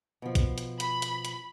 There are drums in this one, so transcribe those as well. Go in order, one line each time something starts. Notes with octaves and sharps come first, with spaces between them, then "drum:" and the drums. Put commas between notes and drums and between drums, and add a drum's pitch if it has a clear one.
B2 F3
drum: kick, hi-hat
drum: hi-hat
B5, drum: hi-hat
drum: hi-hat
drum: hi-hat